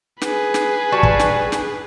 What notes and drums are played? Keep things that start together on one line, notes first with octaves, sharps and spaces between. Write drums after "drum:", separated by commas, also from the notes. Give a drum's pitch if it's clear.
G#4 B4, drum: snare
drum: snare
G3 F#4 A5
drum: kick
drum: snare
drum: snare